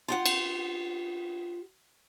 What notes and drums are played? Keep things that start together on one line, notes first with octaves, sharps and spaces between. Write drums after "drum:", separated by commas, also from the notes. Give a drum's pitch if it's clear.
F4 G4 F#5
drum: cymbal